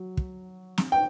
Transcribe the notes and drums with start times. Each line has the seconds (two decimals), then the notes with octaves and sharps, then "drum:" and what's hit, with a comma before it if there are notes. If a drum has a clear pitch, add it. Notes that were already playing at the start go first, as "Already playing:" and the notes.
Already playing: F#3
0.17 drum: kick
0.78 drum: snare
0.92 G5